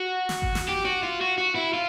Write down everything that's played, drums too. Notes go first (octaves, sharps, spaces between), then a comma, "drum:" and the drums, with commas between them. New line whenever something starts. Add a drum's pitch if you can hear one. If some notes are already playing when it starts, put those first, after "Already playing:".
Already playing: F#4
drum: snare
drum: kick G#1
drum: snare
G4
F#4
F4
F#4
F#4
E4
F4